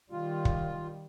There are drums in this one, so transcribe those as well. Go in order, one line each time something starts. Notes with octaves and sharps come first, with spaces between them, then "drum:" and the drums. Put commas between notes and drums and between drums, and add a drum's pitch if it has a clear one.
D#3 G3 F4
drum: kick